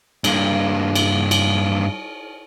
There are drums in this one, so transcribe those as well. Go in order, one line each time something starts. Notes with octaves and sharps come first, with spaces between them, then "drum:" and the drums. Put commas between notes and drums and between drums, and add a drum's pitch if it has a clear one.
G2 A#3, drum: cymbal
drum: cymbal
drum: cymbal